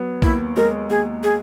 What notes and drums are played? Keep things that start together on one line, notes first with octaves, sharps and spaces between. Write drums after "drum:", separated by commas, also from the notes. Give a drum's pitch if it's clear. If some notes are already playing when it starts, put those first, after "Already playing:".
Already playing: F#3 B3
D#2 E4, drum: kick B1
G#3 A#4
D#2 G#4
G#4